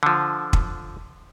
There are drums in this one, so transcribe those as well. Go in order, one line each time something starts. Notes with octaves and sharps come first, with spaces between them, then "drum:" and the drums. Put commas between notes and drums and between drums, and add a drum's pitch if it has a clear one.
D3 F3
drum: kick